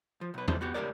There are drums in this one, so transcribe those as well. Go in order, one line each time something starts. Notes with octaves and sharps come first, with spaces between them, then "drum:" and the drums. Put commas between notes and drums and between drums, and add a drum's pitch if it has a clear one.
F3
B1 B4
E3 G3 C4 A4 C5, drum: tom E2
B3 F#4 G4
C#2 A2 C#3 G4 A#4 D5